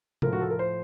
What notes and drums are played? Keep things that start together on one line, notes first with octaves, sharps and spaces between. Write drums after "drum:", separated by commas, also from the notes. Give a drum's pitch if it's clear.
A2 F3 A3 A#4, drum: tom
F#4
A4
A#4
C5